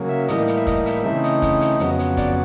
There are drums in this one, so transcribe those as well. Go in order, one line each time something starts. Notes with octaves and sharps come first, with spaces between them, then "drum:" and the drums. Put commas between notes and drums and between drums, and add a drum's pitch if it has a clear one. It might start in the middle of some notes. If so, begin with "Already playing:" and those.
Already playing: C#3 F#3 A#3
E5
A2 E3 G3 A#3 D#4 D#5, drum: hi-hat
drum: hi-hat
E5
D#5, drum: kick, hi-hat
E5, drum: hi-hat
C#3 E3 A3 C4 D#4 E5
D#5, drum: hi-hat
drum: kick, hi-hat
drum: hi-hat
F2 C#3 F#3 B3, drum: hi-hat
drum: hi-hat
D5, drum: kick, hi-hat